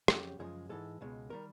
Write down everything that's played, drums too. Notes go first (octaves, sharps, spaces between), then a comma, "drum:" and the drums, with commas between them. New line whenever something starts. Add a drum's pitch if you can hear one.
F2 C#3 F#3 G4, drum: rim click
F#2 C#3 F3 G#3 G#4
G#2 E3 G#3 A4
C#2 B2 G#3
D#3 G3 A#4